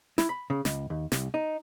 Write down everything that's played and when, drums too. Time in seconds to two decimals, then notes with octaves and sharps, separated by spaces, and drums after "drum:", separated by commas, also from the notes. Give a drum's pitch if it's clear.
0.18 E4, drum: snare
0.29 B5
0.50 C#3
0.65 C#2, drum: snare
0.90 D#2
1.12 C2, drum: snare
1.34 D#4